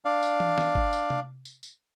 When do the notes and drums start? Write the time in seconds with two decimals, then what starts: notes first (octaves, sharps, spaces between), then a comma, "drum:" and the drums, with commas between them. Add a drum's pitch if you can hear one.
0.05 D4 D5 F5
0.23 drum: tambourine
0.40 drum: tom E3
0.58 drum: snare
0.75 drum: kick G1
0.93 drum: tambourine
1.10 drum: tom C3
1.45 drum: tambourine
1.63 drum: tambourine